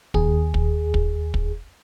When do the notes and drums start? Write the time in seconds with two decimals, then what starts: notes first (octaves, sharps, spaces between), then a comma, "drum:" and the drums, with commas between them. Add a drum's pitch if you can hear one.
0.14 D#2 G#4, drum: kick
0.54 drum: kick
0.94 drum: kick
1.34 drum: kick